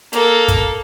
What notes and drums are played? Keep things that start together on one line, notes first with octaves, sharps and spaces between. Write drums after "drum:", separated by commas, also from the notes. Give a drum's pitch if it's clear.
A#3 A4, drum: hi-hat
drum: kick, hi-hat